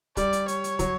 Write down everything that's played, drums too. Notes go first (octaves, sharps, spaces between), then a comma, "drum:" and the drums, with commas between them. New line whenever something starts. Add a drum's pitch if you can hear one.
G3 D5, drum: kick, hi-hat
drum: hi-hat
C#5, drum: hi-hat
drum: hi-hat
F#3, drum: kick, hi-hat